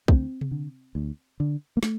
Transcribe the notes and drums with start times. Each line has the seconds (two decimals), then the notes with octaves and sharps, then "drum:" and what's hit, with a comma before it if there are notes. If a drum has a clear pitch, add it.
0.08 D2 C4, drum: kick
0.41 drum: tom C3
0.51 D3
0.95 D2
1.40 D3
1.77 A#3
1.83 A3, drum: snare